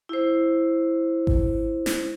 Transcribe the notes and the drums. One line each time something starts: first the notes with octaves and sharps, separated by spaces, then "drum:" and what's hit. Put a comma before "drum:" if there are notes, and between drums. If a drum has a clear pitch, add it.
E4 C5
drum: kick G#1
drum: snare